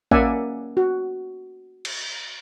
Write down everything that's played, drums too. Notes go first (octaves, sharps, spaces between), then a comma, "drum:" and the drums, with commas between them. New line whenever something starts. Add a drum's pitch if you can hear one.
A#3 C#4 D5 E5 F#5 G#5, drum: kick
F#4
drum: cymbal